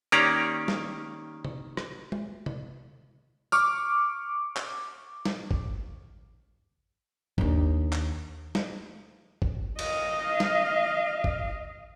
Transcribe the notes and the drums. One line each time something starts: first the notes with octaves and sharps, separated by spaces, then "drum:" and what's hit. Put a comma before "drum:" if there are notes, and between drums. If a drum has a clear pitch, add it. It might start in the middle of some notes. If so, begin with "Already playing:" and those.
D#3 A#3 C#4 G4 D5 A#5, drum: hi-hat
drum: snare
drum: tom C3
drum: rim click
drum: tom G#3
drum: tom C3
C#6 D6 F6, drum: tambourine
drum: clap
drum: snare
drum: kick G#1
D#2 D4, drum: kick G#1
drum: clap
drum: snare
drum: kick G#1
D#5 F5, drum: cymbal
drum: snare
drum: kick G#1